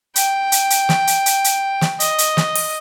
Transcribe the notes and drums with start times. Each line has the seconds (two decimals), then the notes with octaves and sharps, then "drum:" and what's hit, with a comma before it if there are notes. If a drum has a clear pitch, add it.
0.16 G5, drum: hi-hat
0.52 drum: hi-hat
0.70 drum: hi-hat
0.89 drum: snare
1.07 drum: hi-hat
1.26 drum: hi-hat
1.44 drum: hi-hat
1.81 drum: snare
2.00 D#5, drum: hi-hat
2.18 drum: hi-hat
2.37 drum: snare
2.55 drum: open hi-hat